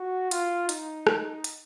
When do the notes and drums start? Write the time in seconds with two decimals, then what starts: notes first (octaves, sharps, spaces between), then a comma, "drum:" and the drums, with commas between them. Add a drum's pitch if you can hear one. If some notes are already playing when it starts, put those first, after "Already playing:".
Already playing: F#4
0.31 F4, drum: hi-hat
0.69 D#4, drum: hi-hat
1.07 drum: rim click
1.44 drum: hi-hat